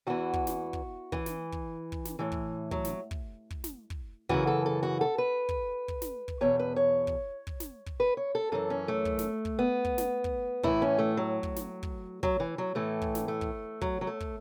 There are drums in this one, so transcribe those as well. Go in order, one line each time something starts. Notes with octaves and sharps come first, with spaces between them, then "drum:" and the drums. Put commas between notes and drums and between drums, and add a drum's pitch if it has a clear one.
E2 E3 F#4
drum: kick
drum: snare
drum: kick
E3, drum: kick
drum: snare
drum: kick
drum: kick
drum: snare
A2 E3
drum: kick
F#3, drum: kick
drum: snare
drum: kick
drum: kick
drum: snare
drum: kick
F#2 C#3 E3 F#4, drum: kick
A4
A4
F#4
A4
B4
drum: kick
drum: kick
drum: snare
drum: kick
E2 B2 C#5
B4
C#5
drum: kick
drum: kick
drum: snare
drum: kick
B4
C#5
A4
F#2 E3 A4
C#4
A3
drum: kick
drum: snare
drum: kick
B3
drum: kick
drum: snare
drum: kick
A2 E3 E4, drum: kick
C#4
A3
F#3
drum: kick
drum: snare
drum: kick
F#3, drum: kick
E3
F#3
A2 E3 A3
drum: kick
drum: snare
A3
drum: kick
F#3, drum: kick
F#3
A3
drum: kick